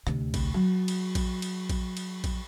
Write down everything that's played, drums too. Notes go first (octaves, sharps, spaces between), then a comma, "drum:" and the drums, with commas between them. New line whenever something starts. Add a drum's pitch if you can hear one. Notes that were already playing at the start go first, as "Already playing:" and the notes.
D2 C3, drum: rim click
drum: kick A#1, cymbal
F#3
drum: cymbal
drum: kick A#1, cymbal
drum: cymbal
drum: kick A#1, cymbal
drum: cymbal
drum: kick A#1, cymbal